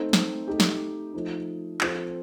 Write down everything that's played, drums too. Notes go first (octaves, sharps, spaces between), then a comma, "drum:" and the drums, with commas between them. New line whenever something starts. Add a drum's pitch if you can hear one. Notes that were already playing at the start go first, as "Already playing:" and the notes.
Already playing: A3 C4 D#4
drum: snare
A3 D#4 G4
drum: snare
F3 A3 D#4
F3 C4 F4 A4 C5, drum: clap